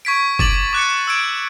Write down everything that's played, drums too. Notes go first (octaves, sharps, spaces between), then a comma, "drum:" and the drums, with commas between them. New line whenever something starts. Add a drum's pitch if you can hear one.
C#6 G#6 B6 D7
D6 A6 D7 F#7, drum: kick F#1
D6 F#6 A6 C#7
E6 G#6 D7